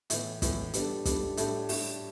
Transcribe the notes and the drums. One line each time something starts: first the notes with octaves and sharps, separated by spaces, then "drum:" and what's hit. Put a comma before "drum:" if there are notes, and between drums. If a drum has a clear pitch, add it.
A2 E3 B3, drum: hi-hat
A2 E3 B3, drum: kick, hi-hat
G3 B3 D4 A4, drum: hi-hat
G3 B3 D4 A4, drum: kick, hi-hat
A2 G3 D4 A4, drum: hi-hat
A2 G3 D4 A4, drum: open hi-hat